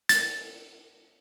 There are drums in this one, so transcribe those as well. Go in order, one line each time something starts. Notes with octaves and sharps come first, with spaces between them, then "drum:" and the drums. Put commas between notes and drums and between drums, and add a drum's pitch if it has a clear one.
A6, drum: hi-hat